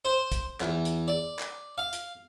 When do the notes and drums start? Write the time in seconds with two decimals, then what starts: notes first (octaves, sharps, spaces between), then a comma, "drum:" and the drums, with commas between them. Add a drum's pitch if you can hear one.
0.05 C5
0.32 drum: kick, hi-hat
0.60 E2, drum: clap
0.85 drum: hi-hat
1.08 D5
1.39 drum: clap
1.78 F5
1.93 drum: hi-hat